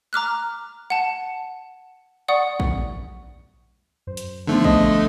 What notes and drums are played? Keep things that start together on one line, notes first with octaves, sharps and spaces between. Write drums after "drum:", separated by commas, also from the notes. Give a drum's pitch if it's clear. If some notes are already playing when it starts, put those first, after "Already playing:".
A#5 D6 F6 F#6
F#5 A5
D5 F#5 C#6 D#6
drum: kick A#1
F#2 C5
drum: hi-hat
D3 F3 A3 B3 D#4
D#5, drum: kick A#1